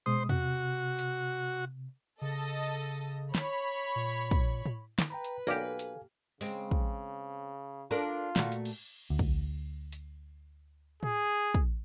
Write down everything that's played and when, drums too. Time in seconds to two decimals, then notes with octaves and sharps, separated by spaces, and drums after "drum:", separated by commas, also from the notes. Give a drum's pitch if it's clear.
0.06 B2 G#3 C5 D#6
0.29 C3 F#4, drum: tom E2
0.99 drum: hi-hat
2.22 C#3 A4 D#5
3.35 C#5 B5, drum: snare
3.96 A#2
4.31 drum: kick
4.66 drum: tom A2
4.99 drum: snare
5.10 B4 G5 A#5 B5
5.24 drum: hi-hat
5.47 B1 A#3 G4 A4 D5 F5 G#5
5.79 drum: hi-hat
6.41 C#3 G#3 C4, drum: open hi-hat
6.71 drum: kick
7.91 D4 F4 A4 A#4
8.36 A#2 A3 F#4, drum: snare
8.52 drum: hi-hat
8.65 drum: cymbal
9.10 D2
9.19 drum: kick
9.92 drum: hi-hat
11.03 G#4, drum: tom A2
11.54 drum: kick